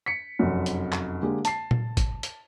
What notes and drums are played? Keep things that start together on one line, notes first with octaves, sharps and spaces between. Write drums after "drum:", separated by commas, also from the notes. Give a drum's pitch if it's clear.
B6 C#7
F1 F#2
drum: hi-hat
drum: clap
D3 G#3 A#3 G4
A5 C7, drum: hi-hat
drum: tom A#2
drum: kick, hi-hat
drum: hi-hat